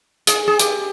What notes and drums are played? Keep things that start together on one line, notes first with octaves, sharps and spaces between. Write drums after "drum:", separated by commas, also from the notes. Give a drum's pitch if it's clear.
G#4, drum: hi-hat
G#4
G4, drum: hi-hat